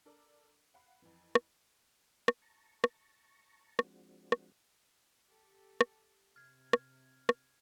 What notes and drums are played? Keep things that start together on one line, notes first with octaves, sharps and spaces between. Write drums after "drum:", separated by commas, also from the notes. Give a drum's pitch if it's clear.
D4 A4 A#4 D5
F5 F#5 B5
F2 E3
drum: rim click
drum: rim click
A5 A#5 C#6
drum: rim click
F3 G#3 C4 D4 F#4, drum: rim click
drum: rim click
G4 A4
drum: rim click
C3 F6 G#6
drum: rim click
drum: rim click